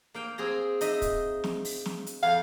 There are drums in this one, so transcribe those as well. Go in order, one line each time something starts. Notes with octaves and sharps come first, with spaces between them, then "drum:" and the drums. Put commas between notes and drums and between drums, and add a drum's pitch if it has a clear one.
A#3 F5 G5
C4 G#4 A#5
D#4 D#5 E5, drum: hi-hat
drum: kick, hi-hat
drum: snare
drum: open hi-hat
drum: snare
drum: hi-hat
F2 F5